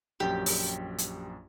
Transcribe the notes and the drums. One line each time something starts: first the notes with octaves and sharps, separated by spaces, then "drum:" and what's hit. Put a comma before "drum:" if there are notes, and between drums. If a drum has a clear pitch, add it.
A#1 F#2 G4 G5
drum: open hi-hat
drum: hi-hat